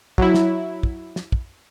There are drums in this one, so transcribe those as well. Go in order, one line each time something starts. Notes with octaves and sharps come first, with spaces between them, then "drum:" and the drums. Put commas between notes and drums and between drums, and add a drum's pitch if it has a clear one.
F#3 E4, drum: kick
drum: snare
drum: kick
drum: snare
drum: kick